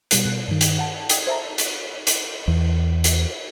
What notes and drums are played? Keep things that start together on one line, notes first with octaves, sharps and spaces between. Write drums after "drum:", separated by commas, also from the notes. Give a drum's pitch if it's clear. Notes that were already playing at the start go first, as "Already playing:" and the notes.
B2 G3 F#6, drum: hi-hat
B2
G2 D#3
drum: hi-hat
F#5 A5
G5 D#6 G#6, drum: hi-hat
C5 E5 A5 A#5
drum: hi-hat
drum: hi-hat
E2
drum: hi-hat